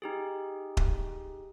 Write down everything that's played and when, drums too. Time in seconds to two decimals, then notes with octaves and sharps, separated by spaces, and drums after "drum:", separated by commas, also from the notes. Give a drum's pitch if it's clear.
0.02 D#4 G4 G#4
0.77 drum: kick D#1